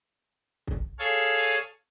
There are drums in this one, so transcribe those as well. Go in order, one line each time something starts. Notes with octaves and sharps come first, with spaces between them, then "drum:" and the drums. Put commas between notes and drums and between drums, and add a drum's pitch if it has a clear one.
drum: kick
G#4 A4 C#5 F5 G#5